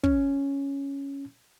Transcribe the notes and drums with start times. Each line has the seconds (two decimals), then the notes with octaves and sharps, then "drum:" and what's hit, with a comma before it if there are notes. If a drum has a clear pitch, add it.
0.04 C#4, drum: kick